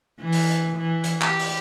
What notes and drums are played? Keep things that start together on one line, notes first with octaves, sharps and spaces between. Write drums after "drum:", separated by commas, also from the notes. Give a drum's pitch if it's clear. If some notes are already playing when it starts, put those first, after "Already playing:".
E3
drum: open hi-hat
drum: hi-hat
E3
drum: hi-hat
G4, drum: clap
drum: open hi-hat